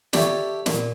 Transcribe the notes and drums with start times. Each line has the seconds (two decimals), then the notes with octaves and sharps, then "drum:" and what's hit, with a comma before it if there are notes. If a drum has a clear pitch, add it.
0.13 G4 A4 C#5 D5 E5 A5, drum: snare
0.66 A#2, drum: snare